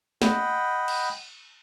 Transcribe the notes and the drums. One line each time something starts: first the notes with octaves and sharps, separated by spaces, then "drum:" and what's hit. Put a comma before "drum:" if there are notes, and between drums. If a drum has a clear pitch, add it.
D#5 F#5 G5 B5, drum: snare
drum: cymbal